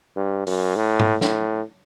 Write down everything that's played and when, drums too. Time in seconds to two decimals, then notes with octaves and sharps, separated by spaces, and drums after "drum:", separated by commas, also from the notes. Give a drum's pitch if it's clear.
0.16 G2
0.47 F#2, drum: open hi-hat
0.76 A2
0.99 drum: tom G#2
1.21 A2, drum: snare